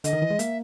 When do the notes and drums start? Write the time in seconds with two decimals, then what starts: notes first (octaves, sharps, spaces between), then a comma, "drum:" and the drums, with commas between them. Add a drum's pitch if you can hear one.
0.04 D3 D#5, drum: hi-hat
0.13 D#3
0.22 E3
0.31 G#3
0.39 A#3 E5, drum: hi-hat